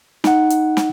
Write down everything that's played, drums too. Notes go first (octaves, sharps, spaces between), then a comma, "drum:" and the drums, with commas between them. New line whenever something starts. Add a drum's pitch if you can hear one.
D#4 F#5, drum: snare
drum: hi-hat
drum: snare